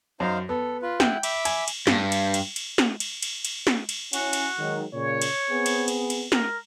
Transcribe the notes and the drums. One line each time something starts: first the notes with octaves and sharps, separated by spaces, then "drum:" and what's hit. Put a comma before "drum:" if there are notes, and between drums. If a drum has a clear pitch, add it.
F#2 D#4 C5 F5
B3 A4
F4 B4
E4 F#5 G5, drum: snare
E5 B5 D6, drum: cymbal
G#5, drum: cymbal
drum: cymbal
G2, drum: snare
drum: cymbal
drum: cymbal
drum: cymbal
drum: snare
drum: cymbal
drum: cymbal
drum: cymbal
drum: snare
drum: cymbal
C#4 E4 F#4 G#5, drum: cymbal
drum: cymbal
D#3 F#3 G#3
A#2 C#3 C#5
drum: cymbal
B3 C4 G#4
drum: cymbal
drum: cymbal
drum: cymbal
A#4, drum: snare